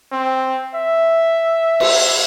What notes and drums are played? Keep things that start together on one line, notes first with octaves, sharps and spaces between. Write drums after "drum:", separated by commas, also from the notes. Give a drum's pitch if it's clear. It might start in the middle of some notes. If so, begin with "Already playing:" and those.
C4
E5
drum: cymbal